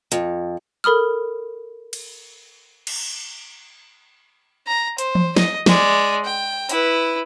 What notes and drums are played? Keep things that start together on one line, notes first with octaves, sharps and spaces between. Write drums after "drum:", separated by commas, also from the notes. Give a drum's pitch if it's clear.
F2, drum: hi-hat
A4 A#4 B5 D#6 F6
drum: cymbal
drum: cymbal
A#5
C5, drum: hi-hat
drum: tom E3
D#5, drum: snare
G#3 D5, drum: snare
G5
E4 B4, drum: hi-hat